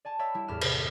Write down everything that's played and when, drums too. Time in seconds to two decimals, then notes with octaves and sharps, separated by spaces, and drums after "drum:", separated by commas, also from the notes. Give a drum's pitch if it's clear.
0.05 D5 G#5 A5
0.19 C#5 D5 E5 G5 B5 E6
0.34 G3 E4
0.48 E2 A2 G4 B5 F6 E7
0.61 C3, drum: cymbal
0.76 G#1 G#2